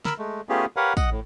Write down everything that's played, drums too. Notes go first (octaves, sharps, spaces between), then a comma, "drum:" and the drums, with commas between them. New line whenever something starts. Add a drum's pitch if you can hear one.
A#4 B5 E6, drum: snare
G#3 A3
A3 B3 C#4 F4 G4 G#4
G4 A#4 B4 C#5 F5 F#5
D#5 F#5, drum: kick, tambourine
A2